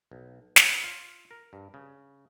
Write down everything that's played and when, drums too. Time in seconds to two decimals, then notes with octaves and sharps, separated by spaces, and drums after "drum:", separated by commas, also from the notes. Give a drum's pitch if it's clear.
0.12 B1
0.56 F4, drum: snare
0.84 F4
1.31 A#4
1.53 G2
1.74 C#3